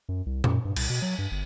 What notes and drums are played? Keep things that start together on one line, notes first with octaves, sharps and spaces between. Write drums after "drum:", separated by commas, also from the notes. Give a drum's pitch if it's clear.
F#2
C2
F#2, drum: tom A#2
G2
C2, drum: cymbal
B2
F#3
G2
G1